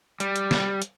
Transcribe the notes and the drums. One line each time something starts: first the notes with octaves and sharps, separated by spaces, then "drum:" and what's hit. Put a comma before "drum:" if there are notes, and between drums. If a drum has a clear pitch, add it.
G3, drum: hi-hat
drum: hi-hat
drum: snare
drum: hi-hat